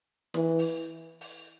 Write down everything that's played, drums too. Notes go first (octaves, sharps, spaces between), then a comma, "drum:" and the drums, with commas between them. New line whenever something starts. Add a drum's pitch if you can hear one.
E3, drum: snare
drum: open hi-hat
drum: open hi-hat